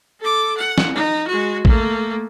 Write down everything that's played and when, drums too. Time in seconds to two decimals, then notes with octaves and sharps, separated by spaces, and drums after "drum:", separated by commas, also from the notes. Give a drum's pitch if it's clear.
0.20 A4 D6
0.58 F#5
0.78 drum: snare
0.95 D#4
1.28 G#3 F#4
1.65 A3 A#3, drum: kick A1